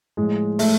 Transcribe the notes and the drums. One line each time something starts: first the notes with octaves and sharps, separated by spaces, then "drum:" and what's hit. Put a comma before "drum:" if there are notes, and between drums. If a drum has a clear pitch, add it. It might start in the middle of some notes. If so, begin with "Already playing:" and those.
A2 F3 G#3
A3, drum: open hi-hat